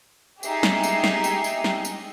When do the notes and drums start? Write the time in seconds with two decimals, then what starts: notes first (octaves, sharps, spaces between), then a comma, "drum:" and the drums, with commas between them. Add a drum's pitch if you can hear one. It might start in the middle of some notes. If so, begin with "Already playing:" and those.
0.43 D#4 G4 G#4 E5 C7, drum: tambourine
0.63 drum: snare
0.83 drum: tambourine
1.04 drum: snare
1.24 drum: tambourine
1.44 drum: tambourine
1.64 drum: snare
1.85 drum: tambourine